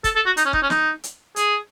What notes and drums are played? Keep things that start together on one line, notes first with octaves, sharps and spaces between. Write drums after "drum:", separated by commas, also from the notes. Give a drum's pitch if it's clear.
A4, drum: kick, hi-hat
A4
F#4
D#4, drum: hi-hat
C#4
D#4, drum: kick
C#4
D#4, drum: snare
drum: hi-hat
G#4, drum: hi-hat